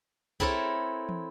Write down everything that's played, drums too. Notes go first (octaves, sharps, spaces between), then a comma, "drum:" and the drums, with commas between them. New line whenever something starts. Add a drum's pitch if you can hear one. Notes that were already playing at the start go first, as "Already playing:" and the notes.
C4 E4 A4 A#4 C#5, drum: kick
drum: tom